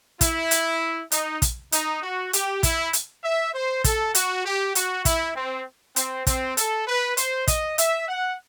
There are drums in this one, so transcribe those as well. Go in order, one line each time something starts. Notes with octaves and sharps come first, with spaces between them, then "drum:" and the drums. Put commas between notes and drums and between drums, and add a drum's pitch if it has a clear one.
E4, drum: kick, hi-hat
drum: hi-hat
D#4, drum: hi-hat
drum: kick, hi-hat
D#4, drum: hi-hat
F#4
G4, drum: hi-hat
E4, drum: kick, hi-hat
drum: hi-hat
E5
C5
A4, drum: kick, hi-hat
F#4, drum: hi-hat
G4
F#4, drum: hi-hat
E4, drum: kick, hi-hat
C4
C4, drum: hi-hat
C4, drum: kick, hi-hat
A4, drum: hi-hat
B4
C5, drum: hi-hat
D#5, drum: kick, hi-hat
E5, drum: hi-hat
F#5